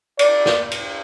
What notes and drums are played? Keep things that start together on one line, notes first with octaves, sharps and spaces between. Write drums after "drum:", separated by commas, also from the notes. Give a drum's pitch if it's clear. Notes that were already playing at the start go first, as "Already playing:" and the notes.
D5, drum: cymbal
drum: snare
drum: cymbal